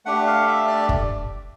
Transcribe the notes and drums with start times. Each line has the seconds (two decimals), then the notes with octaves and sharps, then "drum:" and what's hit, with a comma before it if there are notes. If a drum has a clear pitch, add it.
0.06 A3 D4 G4 F#5
0.27 F5
0.48 E5
0.67 D5
0.89 drum: kick